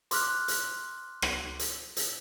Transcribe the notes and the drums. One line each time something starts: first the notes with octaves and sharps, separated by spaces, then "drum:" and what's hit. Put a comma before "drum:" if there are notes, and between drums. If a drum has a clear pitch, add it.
C6 D6 F6 F#6, drum: hi-hat
drum: hi-hat
drum: rim click
drum: hi-hat
drum: hi-hat